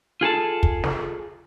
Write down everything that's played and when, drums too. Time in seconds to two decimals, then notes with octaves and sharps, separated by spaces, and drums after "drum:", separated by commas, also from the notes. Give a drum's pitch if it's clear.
0.21 F4 G#4 A4 A5
0.63 drum: kick
0.84 drum: snare